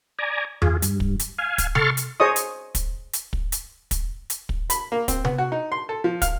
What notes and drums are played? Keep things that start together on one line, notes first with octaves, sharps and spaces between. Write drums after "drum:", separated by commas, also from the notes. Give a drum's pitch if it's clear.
D5 G#5 A#5
F4 G#4, drum: tom E2
G2, drum: hi-hat
drum: kick
drum: hi-hat
F5 G#5
drum: kick, hi-hat
A4 C6 C#6 F6 A6, drum: tom C3
drum: hi-hat
G#4 C5 C#5 D#5 C#6 D#6
drum: hi-hat
drum: kick, hi-hat
drum: hi-hat
drum: kick
drum: hi-hat
drum: kick, hi-hat
drum: hi-hat
drum: kick
B5, drum: hi-hat
A#3
C4, drum: kick, hi-hat
B3, drum: tom C3
F#4
D#4
C6
A4
F3
F5, drum: kick, hi-hat